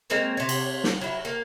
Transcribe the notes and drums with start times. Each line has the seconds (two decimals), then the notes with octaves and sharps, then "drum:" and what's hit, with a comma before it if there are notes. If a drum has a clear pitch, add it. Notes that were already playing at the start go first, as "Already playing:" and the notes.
0.10 G#3 A#3 C4 C#5
0.37 C3 C#5
0.49 drum: cymbal
0.84 drum: snare
1.01 F#3 E4
1.25 A#3